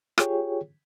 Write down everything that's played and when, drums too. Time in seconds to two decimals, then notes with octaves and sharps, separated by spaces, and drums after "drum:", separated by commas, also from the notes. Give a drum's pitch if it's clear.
0.18 F4 G4 G#4 C#5 G5, drum: rim click